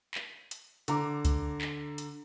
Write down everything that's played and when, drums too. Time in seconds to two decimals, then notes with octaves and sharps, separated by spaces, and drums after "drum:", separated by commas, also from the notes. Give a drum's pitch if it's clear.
0.15 drum: clap
0.51 drum: hi-hat
0.88 D3 A#5 D6, drum: hi-hat
1.25 drum: kick C#2, hi-hat
1.61 drum: clap
1.98 drum: hi-hat